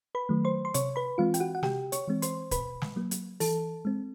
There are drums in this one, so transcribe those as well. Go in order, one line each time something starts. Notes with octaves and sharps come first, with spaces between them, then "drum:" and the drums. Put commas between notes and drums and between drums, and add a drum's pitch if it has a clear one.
B4 B5
D#3 F#3 A3
C5 C6
C6
C3 C#5 C#6, drum: hi-hat
B4 B5
E3 G#3 C4 F4 F5
G5, drum: hi-hat
F#4 F#5
F#5
C3 G4 G5, drum: snare
C#5 C#6, drum: hi-hat
E3 G#3 C4
C5 C6, drum: hi-hat
B2 B4 B5, drum: kick, hi-hat
drum: snare
F#3 A#3
drum: hi-hat
E3 A4 A5, drum: open hi-hat
G#3 C4